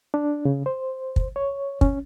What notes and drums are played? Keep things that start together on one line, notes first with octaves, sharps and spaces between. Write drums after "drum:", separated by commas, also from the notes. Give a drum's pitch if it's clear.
D4
C#3
C5
drum: kick
C#5
C#4, drum: kick